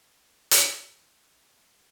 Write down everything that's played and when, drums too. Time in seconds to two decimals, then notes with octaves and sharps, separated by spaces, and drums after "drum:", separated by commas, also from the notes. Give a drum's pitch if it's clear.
0.19 A#2
0.51 drum: hi-hat
1.02 E2